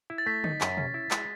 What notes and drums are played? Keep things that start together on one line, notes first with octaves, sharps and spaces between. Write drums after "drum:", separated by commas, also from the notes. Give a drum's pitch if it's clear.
E4
A6
A3 B6
D#4, drum: tom D3
F#2, drum: clap
C#4, drum: tom B2
E4
G#3, drum: clap